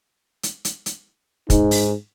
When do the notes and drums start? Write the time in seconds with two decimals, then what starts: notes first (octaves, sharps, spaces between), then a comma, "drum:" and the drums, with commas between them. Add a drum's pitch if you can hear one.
0.43 drum: hi-hat
0.65 drum: hi-hat
0.86 drum: hi-hat
1.50 G#2 D#4, drum: kick, hi-hat
1.71 drum: open hi-hat